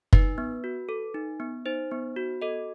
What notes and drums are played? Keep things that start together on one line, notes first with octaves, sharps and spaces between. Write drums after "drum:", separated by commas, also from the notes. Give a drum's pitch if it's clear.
D#4 B4, drum: kick
B3
F#4
A4
D#4
B3
D#4 C5
B3
F#4
A4 D#5